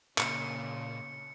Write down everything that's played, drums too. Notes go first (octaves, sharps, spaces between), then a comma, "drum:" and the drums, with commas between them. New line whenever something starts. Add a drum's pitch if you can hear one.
A#2 C#3 C#7, drum: clap